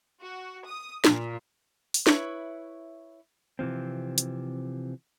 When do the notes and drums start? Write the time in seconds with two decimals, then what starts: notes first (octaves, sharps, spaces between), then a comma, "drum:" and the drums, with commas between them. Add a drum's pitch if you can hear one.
0.21 F#4
0.67 D#6
1.04 A#2, drum: snare
1.94 drum: open hi-hat
2.07 E4 B4 C#5, drum: snare
3.59 C3 E3 F3 C4
4.18 drum: hi-hat